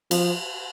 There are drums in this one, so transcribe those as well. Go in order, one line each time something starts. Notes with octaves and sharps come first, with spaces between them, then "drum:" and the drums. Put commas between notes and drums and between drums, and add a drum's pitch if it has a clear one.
F3, drum: cymbal